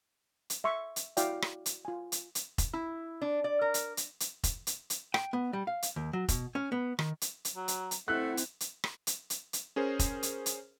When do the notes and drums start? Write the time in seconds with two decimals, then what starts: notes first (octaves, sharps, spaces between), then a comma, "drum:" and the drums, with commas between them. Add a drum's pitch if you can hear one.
0.50 drum: hi-hat
0.64 E5 C6 C#6
0.96 drum: hi-hat
1.17 E4 F#4 D5 F5 G5, drum: hi-hat
1.42 drum: rim click
1.66 drum: hi-hat
1.85 F4 G#5
2.12 drum: hi-hat
2.35 drum: hi-hat
2.58 drum: kick F1, hi-hat
2.73 E4
3.22 D4
3.44 D5
3.61 A#4
3.74 drum: hi-hat
3.97 drum: hi-hat
4.20 drum: hi-hat
4.44 drum: kick F1, hi-hat
4.67 drum: hi-hat
4.90 drum: hi-hat
5.14 G5, drum: rim click
5.33 B3
5.53 G3
5.67 F5
5.82 drum: hi-hat
5.96 D#2
6.13 F#3
6.28 B2, drum: kick F1, hi-hat
6.55 C#4
6.72 B3
6.99 D#3, drum: rim click
7.21 drum: hi-hat
7.45 drum: hi-hat
7.55 F#3 A#5
7.68 drum: hi-hat
7.91 drum: hi-hat
8.08 A3 C4 E4 F#5 F#6
8.37 drum: hi-hat
8.60 drum: hi-hat
8.84 drum: rim click
9.07 drum: hi-hat
9.30 drum: hi-hat
9.53 drum: hi-hat
9.76 C#4 G#4 A#4 C5
9.99 drum: kick F1, hi-hat
10.23 drum: hi-hat
10.46 drum: hi-hat